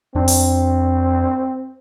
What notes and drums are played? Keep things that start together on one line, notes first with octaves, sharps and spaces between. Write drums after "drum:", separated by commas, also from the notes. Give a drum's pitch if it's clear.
F2 C4 D4
drum: open hi-hat